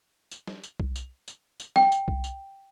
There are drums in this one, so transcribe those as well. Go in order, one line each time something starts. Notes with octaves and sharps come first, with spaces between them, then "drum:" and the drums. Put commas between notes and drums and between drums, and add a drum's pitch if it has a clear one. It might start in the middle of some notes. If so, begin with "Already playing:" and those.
drum: tambourine
drum: snare
drum: tambourine
drum: kick C2
drum: tambourine
drum: tambourine
drum: tambourine
G5, drum: snare
drum: tambourine
drum: kick C2
drum: tambourine